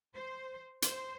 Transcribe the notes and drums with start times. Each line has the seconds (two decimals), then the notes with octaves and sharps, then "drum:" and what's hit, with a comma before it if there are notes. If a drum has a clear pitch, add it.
0.14 C5
0.82 C5, drum: hi-hat